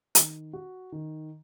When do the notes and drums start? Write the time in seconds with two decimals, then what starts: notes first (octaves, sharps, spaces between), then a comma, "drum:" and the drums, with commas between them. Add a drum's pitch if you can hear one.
0.15 D#3, drum: hi-hat
0.53 F#4
0.92 D#3